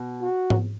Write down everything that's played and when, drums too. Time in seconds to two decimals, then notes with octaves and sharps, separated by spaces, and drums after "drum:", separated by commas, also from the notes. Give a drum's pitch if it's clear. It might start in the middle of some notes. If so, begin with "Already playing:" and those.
Already playing: B2
0.22 F#4
0.50 drum: tom G#2